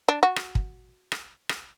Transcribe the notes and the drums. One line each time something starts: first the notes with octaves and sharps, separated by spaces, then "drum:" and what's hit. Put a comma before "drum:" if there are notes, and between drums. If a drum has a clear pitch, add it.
D4
F#4
drum: rim click
drum: kick
drum: rim click
drum: rim click